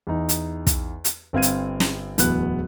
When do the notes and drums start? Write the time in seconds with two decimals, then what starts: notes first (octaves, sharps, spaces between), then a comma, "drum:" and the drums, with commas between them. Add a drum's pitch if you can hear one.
0.07 E2 D#4
0.29 drum: hi-hat
0.67 drum: kick, hi-hat
1.04 drum: hi-hat
1.33 G1 C4 F5 G#6 D#7
1.42 drum: hi-hat
1.80 drum: snare
2.18 D1 E2 B3 F#6, drum: hi-hat